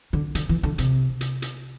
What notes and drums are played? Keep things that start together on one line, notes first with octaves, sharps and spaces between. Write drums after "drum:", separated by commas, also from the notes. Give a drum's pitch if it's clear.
D3
D3, drum: hi-hat
E3
D3
C3, drum: hi-hat
drum: hi-hat
drum: hi-hat